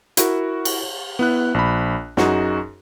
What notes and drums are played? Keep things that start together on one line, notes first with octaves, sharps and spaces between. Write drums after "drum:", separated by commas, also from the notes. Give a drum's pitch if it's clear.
E4 F#4 A#4, drum: hi-hat
drum: cymbal
B3 E4 F#6
A#1 B5
F#2 D#4 F#4 G#4, drum: snare